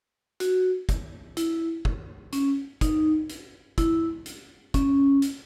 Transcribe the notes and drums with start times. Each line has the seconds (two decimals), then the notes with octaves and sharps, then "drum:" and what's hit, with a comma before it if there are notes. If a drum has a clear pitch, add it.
0.40 F#4, drum: hi-hat
0.89 drum: kick, hi-hat
1.37 E4, drum: hi-hat
1.85 drum: kick
2.33 C#4, drum: hi-hat
2.81 D#4, drum: kick, hi-hat
3.30 drum: hi-hat
3.78 E4, drum: kick, hi-hat
4.26 drum: hi-hat
4.74 C#4, drum: kick, hi-hat
5.22 drum: hi-hat